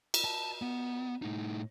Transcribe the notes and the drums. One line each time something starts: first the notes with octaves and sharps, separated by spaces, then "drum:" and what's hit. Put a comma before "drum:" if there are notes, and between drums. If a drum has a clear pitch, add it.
drum: cymbal
A5
B3
A2 D#4